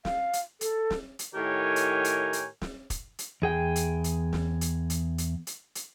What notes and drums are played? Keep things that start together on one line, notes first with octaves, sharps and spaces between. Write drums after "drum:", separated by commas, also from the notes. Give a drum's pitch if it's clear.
F5, drum: snare
drum: hi-hat
A4, drum: hi-hat
drum: snare
drum: hi-hat
A2 D#3 G4 A#4 C#5 G#5
drum: hi-hat
drum: hi-hat
drum: hi-hat
drum: snare
drum: kick, hi-hat
drum: hi-hat
E2 G#4 G5
drum: hi-hat
drum: hi-hat
drum: snare
drum: hi-hat
drum: hi-hat
drum: hi-hat
drum: hi-hat
drum: hi-hat